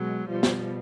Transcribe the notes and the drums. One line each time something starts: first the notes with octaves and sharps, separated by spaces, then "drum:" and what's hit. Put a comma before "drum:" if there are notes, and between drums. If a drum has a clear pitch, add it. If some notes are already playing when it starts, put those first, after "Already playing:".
Already playing: B2 F#3 G#3
B2 F3 G3
drum: snare